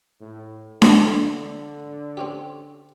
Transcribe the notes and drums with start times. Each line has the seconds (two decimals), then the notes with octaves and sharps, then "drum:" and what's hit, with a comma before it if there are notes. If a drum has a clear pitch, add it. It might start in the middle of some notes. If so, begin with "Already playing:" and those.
0.20 A2
0.82 D2 D3 E3, drum: snare D4
2.17 C4 C#4 G4